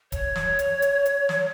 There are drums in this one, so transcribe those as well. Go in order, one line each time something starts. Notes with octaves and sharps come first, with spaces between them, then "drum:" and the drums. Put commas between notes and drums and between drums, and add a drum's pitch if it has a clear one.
C#5, drum: kick D1, hi-hat
drum: snare
drum: hi-hat
drum: hi-hat
drum: hi-hat
drum: snare